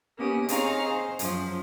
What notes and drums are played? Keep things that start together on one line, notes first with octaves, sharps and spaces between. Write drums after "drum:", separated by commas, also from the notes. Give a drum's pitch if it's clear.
A#3 B3 C#4 G4 D#6
C4 D#4 G#4 C#5 F5 A#5, drum: hi-hat
C5
F#2 F3, drum: hi-hat